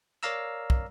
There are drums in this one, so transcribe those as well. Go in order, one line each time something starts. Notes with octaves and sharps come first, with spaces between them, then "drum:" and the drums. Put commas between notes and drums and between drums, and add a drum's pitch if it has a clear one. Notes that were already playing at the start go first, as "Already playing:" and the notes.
A#4 C#5 D5 F5 A#5 E6
drum: kick